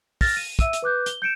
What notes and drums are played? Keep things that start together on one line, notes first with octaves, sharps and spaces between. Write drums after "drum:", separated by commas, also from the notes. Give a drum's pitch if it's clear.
F6 A6 A#6, drum: kick, open hi-hat
D#7
E5 E6 D#7, drum: kick, hi-hat
drum: hi-hat
B4 D6 F#6 G6
G7, drum: hi-hat
G6 C#7 D7 E7